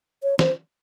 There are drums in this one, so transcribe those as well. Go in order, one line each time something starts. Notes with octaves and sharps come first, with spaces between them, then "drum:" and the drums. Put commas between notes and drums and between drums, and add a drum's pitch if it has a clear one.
C#5
C5, drum: snare